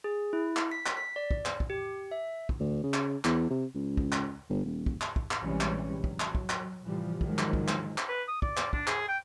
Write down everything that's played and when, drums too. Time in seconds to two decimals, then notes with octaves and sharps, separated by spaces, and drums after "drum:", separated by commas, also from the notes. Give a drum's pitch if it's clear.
0.04 G#4
0.33 E4
0.56 drum: clap
0.71 B6
0.86 drum: clap
0.97 B6
1.16 D5
1.31 drum: kick
1.45 drum: clap
1.60 drum: kick
1.70 G4
2.11 E5
2.49 drum: kick
2.60 D2
2.84 C#3
2.94 drum: clap
3.25 E2, drum: clap
3.50 C3
3.75 C#2
3.97 drum: kick
4.12 drum: clap
4.49 G1
4.65 D#1
4.86 drum: kick
5.01 drum: clap
5.16 drum: kick
5.31 drum: clap
5.41 A#1 C3 E3 G3 G#3 C#4
5.61 drum: clap
6.04 F#3, drum: kick
6.20 drum: clap
6.35 drum: kick
6.49 drum: clap
6.85 A2 C3 E3 F3 G3
7.21 G#2 D3 D#3 F3 F#3 G#3, drum: kick
7.38 drum: clap
7.53 drum: kick
7.68 drum: clap
7.98 drum: clap
8.09 B4
8.28 D#6
8.42 D5, drum: kick
8.57 drum: clap
8.73 D4, drum: kick
8.87 G#4, drum: clap
9.08 G5